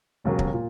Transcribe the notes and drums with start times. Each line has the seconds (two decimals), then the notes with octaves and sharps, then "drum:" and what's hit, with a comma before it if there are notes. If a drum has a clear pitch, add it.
0.24 E1 D#2 C#3 F#3 A#3
0.39 drum: kick
0.54 A#2